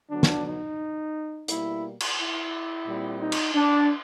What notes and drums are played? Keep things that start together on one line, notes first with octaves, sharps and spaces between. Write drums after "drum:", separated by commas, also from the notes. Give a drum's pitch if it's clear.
D3 F#3 B3 D4
drum: snare
D#4
B2 G3 A#3 E4, drum: hi-hat
drum: cymbal
E4
A#2 G3 C4
D#4
drum: cymbal
D4